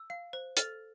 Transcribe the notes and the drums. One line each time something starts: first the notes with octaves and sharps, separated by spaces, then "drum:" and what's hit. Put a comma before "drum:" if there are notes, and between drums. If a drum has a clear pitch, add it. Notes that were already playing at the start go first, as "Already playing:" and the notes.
Already playing: E6
F5
C5
A4 F6 A6, drum: hi-hat